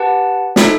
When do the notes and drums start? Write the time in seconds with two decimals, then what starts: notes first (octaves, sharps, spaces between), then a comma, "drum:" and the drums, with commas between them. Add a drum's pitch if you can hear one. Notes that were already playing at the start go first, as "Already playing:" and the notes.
Already playing: G4 B4 F#5 A5
0.56 A3 D#4 A4 E5 G5, drum: snare